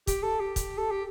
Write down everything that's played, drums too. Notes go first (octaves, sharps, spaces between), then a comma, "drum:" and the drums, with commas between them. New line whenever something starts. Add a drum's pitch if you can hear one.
G4, drum: kick, hi-hat
A4
G4
drum: kick, hi-hat
A4
G4